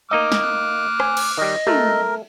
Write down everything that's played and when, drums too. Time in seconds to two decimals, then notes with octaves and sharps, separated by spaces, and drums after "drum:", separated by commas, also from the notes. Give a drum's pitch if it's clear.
0.11 A#3 D#4 D#5 D6 F6
0.32 drum: snare
0.42 F#6
1.00 G#5, drum: rim click
1.17 drum: cymbal
1.37 D#3 G3 D#5
1.67 A3 A#4, drum: tom